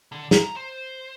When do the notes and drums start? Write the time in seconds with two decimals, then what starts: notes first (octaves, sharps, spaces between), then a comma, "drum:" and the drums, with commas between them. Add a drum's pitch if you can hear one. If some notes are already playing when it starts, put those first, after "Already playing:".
0.12 D3
0.31 A#5, drum: snare
0.56 C5